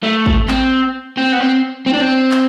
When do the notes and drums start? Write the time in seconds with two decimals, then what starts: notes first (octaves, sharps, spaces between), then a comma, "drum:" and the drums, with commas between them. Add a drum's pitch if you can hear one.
0.03 A3
0.26 drum: kick
0.49 C4, drum: clap
1.17 C4
1.32 B3
1.40 C4
1.86 C4
1.93 D4
2.01 C4
2.31 drum: clap